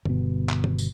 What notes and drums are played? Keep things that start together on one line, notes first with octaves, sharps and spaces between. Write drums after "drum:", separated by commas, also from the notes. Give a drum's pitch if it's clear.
G1 B2, drum: tom D#3
drum: clap
drum: tom D#3
drum: tambourine